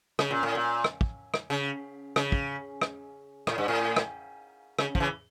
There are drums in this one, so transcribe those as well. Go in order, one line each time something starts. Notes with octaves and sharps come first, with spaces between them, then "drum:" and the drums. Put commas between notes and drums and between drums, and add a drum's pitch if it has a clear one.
C#3, drum: rim click
A#2
A2
A#2
drum: rim click
drum: kick
drum: rim click
C#3
C#3, drum: rim click
drum: kick
drum: rim click
A2, drum: rim click
G2
A2
drum: rim click
C#3, drum: rim click
F3, drum: kick
C#3 E3